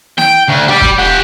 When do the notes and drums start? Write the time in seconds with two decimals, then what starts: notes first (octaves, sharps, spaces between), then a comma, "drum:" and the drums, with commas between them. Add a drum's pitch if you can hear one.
0.18 G5, drum: snare
0.48 D2
0.68 G4 D5
0.81 drum: kick
0.98 G4 F#5